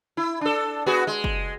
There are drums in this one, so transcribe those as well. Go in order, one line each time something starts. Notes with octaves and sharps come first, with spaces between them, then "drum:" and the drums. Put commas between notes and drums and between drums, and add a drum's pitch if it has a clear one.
E4
D4 A4
B3 F#4 G#4
G#3
drum: kick